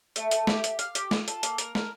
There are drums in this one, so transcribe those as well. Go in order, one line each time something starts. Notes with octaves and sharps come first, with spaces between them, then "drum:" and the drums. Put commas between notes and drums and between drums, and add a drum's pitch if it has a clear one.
A3, drum: hi-hat
A3, drum: hi-hat
G4, drum: snare
G4, drum: hi-hat
F5, drum: hi-hat
G4, drum: hi-hat
F4, drum: snare
A4, drum: hi-hat
A#3, drum: hi-hat
A#4, drum: hi-hat
A#4, drum: snare